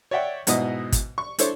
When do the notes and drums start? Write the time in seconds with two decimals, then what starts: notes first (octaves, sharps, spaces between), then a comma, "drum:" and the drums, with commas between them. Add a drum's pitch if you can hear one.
0.11 C#5 D5 E5 F#5 G5
0.47 G#2 B2 B3 E4 D#5 D#6, drum: hi-hat
0.92 drum: kick, hi-hat
1.18 C#6
1.39 D4 E4 A4 C5 C#5, drum: hi-hat